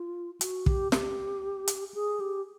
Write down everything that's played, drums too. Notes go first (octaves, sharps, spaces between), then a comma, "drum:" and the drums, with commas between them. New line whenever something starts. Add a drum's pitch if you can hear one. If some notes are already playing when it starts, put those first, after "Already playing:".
Already playing: F4
F#4, drum: hi-hat
G4, drum: kick
G4, drum: snare
drum: hi-hat
G#4
G4